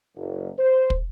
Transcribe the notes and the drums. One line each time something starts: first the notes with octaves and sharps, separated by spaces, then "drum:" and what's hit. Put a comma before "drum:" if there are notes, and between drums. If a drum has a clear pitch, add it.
F#1
C5
drum: kick